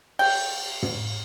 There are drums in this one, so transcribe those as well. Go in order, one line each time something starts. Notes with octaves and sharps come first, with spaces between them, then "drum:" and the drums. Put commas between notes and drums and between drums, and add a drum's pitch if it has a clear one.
G5, drum: cymbal
drum: tom